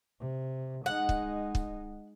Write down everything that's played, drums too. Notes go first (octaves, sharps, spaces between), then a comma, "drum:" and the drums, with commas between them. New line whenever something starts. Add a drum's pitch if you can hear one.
C3
G#3 D#4 F#5
drum: kick
drum: kick